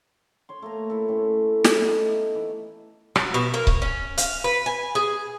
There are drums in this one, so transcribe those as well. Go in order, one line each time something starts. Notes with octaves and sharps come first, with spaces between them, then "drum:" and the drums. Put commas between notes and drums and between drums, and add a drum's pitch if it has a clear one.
C#5 C6
A3 A#3 A#5
E4 A4
A2 C#4 C6
drum: snare
A3 B3 D#4
E3
F#3, drum: rim click
B2
A#3
C#5, drum: kick C#1
C#4
F5, drum: hi-hat
B4
G#5
G#4